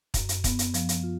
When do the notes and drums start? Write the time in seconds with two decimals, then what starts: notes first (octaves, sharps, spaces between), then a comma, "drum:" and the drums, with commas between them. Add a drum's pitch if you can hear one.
0.14 F#2, drum: kick, hi-hat
0.29 drum: hi-hat
0.44 B3, drum: kick, hi-hat
0.59 drum: hi-hat
0.74 F3, drum: hi-hat
0.89 drum: hi-hat
1.03 F4